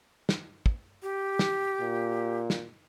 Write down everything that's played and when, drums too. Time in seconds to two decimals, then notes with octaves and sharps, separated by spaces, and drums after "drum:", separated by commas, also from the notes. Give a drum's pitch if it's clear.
0.29 drum: snare
0.66 drum: kick
1.03 G4
1.39 drum: snare
1.80 A#2
2.50 drum: snare